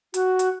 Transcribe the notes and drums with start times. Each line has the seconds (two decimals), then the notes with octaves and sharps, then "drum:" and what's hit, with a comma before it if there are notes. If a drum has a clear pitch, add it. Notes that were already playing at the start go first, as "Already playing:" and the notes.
0.14 F#4, drum: hi-hat
0.39 drum: hi-hat